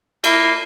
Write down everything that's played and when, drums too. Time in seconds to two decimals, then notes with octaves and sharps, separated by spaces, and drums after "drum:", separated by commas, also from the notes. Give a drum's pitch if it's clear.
0.24 A#3 E4, drum: cymbal